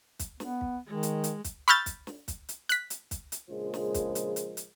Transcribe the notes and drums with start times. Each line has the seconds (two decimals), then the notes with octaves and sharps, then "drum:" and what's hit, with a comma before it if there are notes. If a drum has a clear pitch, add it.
0.19 drum: kick, hi-hat
0.40 B3, drum: snare
0.61 drum: kick
0.87 D#3 G#3
1.03 drum: hi-hat
1.24 drum: hi-hat
1.44 drum: kick, hi-hat
1.68 B5 C#6 E6 F6 G6 A6, drum: hi-hat
1.86 drum: kick, hi-hat
2.07 drum: snare
2.28 drum: kick, hi-hat
2.49 drum: hi-hat
2.69 F#6 B6, drum: hi-hat
2.90 drum: hi-hat
3.11 drum: kick, hi-hat
3.32 drum: hi-hat
3.49 A#1 C#3 F3 G#3 A#4 C5
3.74 drum: snare
3.94 drum: kick, hi-hat
4.15 drum: hi-hat
4.36 drum: hi-hat
4.57 drum: hi-hat